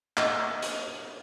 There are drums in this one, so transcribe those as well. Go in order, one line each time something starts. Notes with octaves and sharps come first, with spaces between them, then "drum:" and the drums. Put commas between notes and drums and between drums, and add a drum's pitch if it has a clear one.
D#5, drum: clap
drum: hi-hat